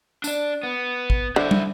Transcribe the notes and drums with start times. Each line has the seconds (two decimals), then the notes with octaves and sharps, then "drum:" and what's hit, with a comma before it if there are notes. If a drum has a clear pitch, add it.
0.24 D4 D5, drum: tambourine
0.63 B3
1.10 drum: kick
1.36 D3 E4 C5
1.51 drum: tom